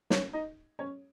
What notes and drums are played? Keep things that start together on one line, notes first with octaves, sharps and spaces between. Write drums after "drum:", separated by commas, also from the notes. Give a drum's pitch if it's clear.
C#4 C#5, drum: snare
D#4 D#5
C#4 C#5